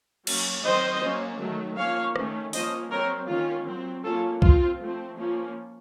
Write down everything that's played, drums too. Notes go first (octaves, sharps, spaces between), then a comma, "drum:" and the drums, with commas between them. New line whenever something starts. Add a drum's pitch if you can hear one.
F#3 A#3 C#4, drum: cymbal
D#3 F#3 C4 C5 D#5
F#3 A#3 C#4
D#3 F#3 A3
F3 A#3 C#4 C#5 F5
D#3 A3 C#4, drum: rim click
F3 A#3 C#4 C5 D#5, drum: open hi-hat
F#3 C4 A#4 C#5
D#3 A#3 C#4 F4
F#3 C4
F#3 A#3 C#4 F4 A4
F3 C4 F4, drum: kick
F3 A3 C4
F3 A#3 C#4